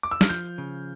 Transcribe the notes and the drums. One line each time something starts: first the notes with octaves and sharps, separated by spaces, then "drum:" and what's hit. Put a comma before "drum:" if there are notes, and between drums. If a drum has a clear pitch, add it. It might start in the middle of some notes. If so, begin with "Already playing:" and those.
D6
E6
F6, drum: snare
F3 G6
C#3